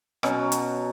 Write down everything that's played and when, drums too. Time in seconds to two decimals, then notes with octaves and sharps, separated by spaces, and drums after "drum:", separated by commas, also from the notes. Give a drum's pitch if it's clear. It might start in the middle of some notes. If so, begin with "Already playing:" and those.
0.23 B2 F#3 C#4, drum: rim click
0.52 drum: hi-hat